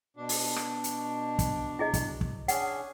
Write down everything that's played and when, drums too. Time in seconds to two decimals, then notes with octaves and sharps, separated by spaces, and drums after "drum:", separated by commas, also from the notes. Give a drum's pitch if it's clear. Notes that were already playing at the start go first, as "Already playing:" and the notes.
0.17 B2 D4
0.29 drum: open hi-hat
0.56 drum: rim click
0.84 drum: hi-hat
1.39 drum: kick, hi-hat
1.79 E4 G#4 D#5
1.94 drum: kick, hi-hat
2.21 drum: kick
2.48 C#4 D4 G#4 F#5, drum: hi-hat